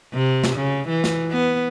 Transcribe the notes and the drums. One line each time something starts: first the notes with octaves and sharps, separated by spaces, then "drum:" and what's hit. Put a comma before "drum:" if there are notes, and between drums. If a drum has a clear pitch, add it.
C3
drum: snare
C#3
E3
drum: snare
B3